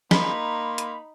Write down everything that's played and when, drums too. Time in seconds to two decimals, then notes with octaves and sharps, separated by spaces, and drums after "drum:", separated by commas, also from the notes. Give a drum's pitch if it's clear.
0.11 A#3 D#4 B5 C6, drum: snare
0.78 drum: hi-hat